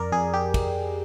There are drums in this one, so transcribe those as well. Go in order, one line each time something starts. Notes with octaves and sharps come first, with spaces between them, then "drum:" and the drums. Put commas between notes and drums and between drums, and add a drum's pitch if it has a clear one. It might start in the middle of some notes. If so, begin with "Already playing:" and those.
Already playing: F2 A#4 D5
F2 G#4
G4
drum: kick, cymbal